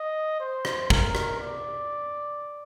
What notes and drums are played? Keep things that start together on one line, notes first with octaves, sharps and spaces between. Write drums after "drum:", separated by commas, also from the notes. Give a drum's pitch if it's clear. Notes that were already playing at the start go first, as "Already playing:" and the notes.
Already playing: D#5
C5
drum: rim click
A#4, drum: kick
drum: rim click
D5